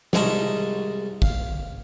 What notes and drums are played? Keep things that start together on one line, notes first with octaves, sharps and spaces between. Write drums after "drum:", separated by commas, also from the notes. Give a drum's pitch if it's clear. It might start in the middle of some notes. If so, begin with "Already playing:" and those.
C2 G#3 D#5 A5 A#5 C#6, drum: snare
F5, drum: kick